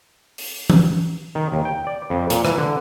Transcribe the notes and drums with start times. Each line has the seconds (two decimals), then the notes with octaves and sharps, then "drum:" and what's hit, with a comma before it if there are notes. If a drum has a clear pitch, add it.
0.38 drum: open hi-hat
0.70 drum: tom E3
1.35 D#3
1.52 D#2
1.65 G5
1.87 D5
2.10 F2
2.30 A#2, drum: hi-hat
2.45 E3, drum: rim click
2.58 D3